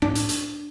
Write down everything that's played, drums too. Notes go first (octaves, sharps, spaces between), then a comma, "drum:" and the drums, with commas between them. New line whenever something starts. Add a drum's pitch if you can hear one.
A2 D4, drum: rim click
drum: hi-hat
drum: hi-hat